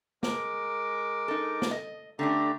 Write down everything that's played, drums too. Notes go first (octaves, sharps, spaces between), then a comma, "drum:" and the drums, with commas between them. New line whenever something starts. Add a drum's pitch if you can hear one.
G#3 A#4 D6, drum: snare
D#4 A4
drum: snare
D#5
D3 A3 C#4 D4 G4 A#5